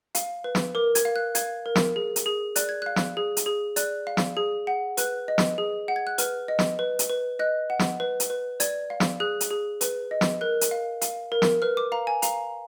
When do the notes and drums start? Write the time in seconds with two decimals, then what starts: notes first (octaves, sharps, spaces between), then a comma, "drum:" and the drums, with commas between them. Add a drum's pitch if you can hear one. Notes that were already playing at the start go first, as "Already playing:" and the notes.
0.15 F5, drum: hi-hat
0.44 B4
0.55 drum: snare
0.75 A#4 D6
0.95 G#6, drum: hi-hat
1.05 F5
1.16 F#6
1.35 F5 G#6, drum: hi-hat
1.66 A#4
1.76 drum: snare
1.96 G#4
2.16 drum: hi-hat
2.26 G#4
2.56 D5 F#6, drum: hi-hat
2.69 G#6
2.82 F5 F#6
2.96 drum: snare
3.17 G#4
3.37 drum: hi-hat
3.46 G#4
3.76 D5 F#6, drum: hi-hat
4.07 F5
4.17 drum: snare
4.37 G#4
4.67 F#5
4.97 B4 F#6, drum: hi-hat
5.28 D#5
5.38 drum: snare
5.58 G#4
5.88 F#5
5.96 G#6
6.07 F#6
6.18 B4 F6, drum: hi-hat
6.48 D#5
6.59 drum: snare
6.79 B4
6.99 drum: hi-hat
7.10 B4
7.39 D#5 F#6
7.70 F#5
7.79 drum: snare
8.00 B4
8.20 drum: hi-hat
8.30 B4
8.60 D5 G#6, drum: hi-hat
8.90 F5
9.00 drum: snare
9.20 G#4 F#6
9.40 drum: hi-hat
9.50 G#4
9.81 B4, drum: hi-hat
10.11 D#5
10.21 drum: snare
10.41 A#4 F#6
10.61 drum: hi-hat
10.71 F5
11.01 F5, drum: hi-hat
11.32 A#4
11.42 drum: snare
11.62 B4 F6
11.77 D6
11.92 F5 A#5
12.07 G#5
12.22 F5 A#5, drum: hi-hat